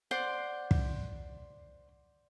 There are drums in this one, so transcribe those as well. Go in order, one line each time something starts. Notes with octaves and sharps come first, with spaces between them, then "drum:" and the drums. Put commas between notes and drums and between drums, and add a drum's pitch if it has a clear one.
C5 D5 F#5 C6
drum: kick